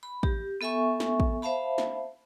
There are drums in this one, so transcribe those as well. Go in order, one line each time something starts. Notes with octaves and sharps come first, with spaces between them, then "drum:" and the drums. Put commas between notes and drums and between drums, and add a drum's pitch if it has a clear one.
B5
G4, drum: kick
B3 A4 E5 G#5 C#6
drum: snare
drum: kick
C5 E5 F5 A5 B5
drum: snare